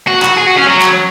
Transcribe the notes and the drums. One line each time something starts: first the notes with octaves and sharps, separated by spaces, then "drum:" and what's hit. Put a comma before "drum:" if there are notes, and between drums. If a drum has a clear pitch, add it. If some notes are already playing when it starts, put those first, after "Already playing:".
F#4
F#4, drum: clap
G#4
F#4
C#4
F#3
drum: clap